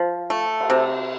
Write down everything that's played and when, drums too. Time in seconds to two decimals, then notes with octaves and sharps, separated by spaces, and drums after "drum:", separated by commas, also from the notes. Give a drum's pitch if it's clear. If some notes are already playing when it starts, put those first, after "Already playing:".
Already playing: F3
0.30 A3
0.60 drum: cymbal
0.70 C3